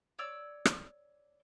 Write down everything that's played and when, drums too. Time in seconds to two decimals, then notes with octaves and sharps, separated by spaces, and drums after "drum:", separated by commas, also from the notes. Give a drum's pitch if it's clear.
0.19 C#5 D5 E6
0.65 drum: rim click